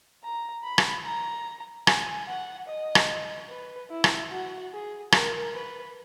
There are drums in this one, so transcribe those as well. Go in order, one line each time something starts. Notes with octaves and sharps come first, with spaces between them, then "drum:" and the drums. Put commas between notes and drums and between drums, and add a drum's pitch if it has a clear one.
A#5
B5
drum: rim click
A#5
G#5, drum: rim click
F#5
D#5
drum: rim click
B4
E4
drum: rim click
F#4
G#4
A#4, drum: rim click
B4